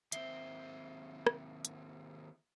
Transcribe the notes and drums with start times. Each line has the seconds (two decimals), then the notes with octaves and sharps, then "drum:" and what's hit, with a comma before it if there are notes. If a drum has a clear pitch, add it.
0.12 D#2 C4 E5 C7 G7, drum: hi-hat
1.27 drum: rim click
1.65 drum: hi-hat